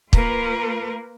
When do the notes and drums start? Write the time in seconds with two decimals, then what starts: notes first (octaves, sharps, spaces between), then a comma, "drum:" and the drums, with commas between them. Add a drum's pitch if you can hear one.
0.13 A#3 F4 A#4 B4, drum: kick